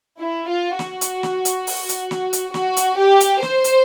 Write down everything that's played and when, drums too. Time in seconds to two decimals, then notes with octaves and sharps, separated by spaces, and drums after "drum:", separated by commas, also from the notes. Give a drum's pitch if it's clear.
0.21 E4
0.50 F4
0.79 F#4, drum: snare
1.01 drum: hi-hat
1.23 drum: snare
1.45 drum: hi-hat
1.67 drum: open hi-hat
1.89 drum: hi-hat
2.11 drum: snare
2.33 drum: hi-hat
2.54 F#4, drum: snare
2.77 drum: hi-hat
2.98 G4
3.20 drum: hi-hat
3.43 C5, drum: snare
3.64 drum: hi-hat